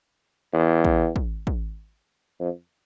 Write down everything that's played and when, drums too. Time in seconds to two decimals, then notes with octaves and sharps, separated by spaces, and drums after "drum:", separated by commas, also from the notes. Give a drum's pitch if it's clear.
0.53 E2
0.85 drum: kick
1.16 drum: kick
1.47 drum: kick
2.40 F2